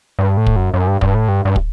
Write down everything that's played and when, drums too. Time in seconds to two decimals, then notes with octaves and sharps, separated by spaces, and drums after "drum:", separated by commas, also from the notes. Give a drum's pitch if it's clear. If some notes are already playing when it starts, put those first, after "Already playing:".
0.19 G2
0.37 A2
0.46 drum: kick
0.56 F#2
0.74 F#2
0.87 G2
1.01 G2, drum: kick
1.15 A2
1.28 G2
1.45 G2
1.56 drum: kick